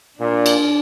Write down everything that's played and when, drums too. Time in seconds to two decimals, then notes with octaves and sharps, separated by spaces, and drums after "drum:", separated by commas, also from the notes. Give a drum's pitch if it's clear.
0.20 A#2 D4
0.46 drum: cymbal